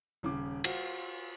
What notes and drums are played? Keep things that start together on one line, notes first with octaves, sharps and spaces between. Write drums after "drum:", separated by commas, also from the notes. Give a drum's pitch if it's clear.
D#1 C#3 D6
F4 F#4 C5, drum: cymbal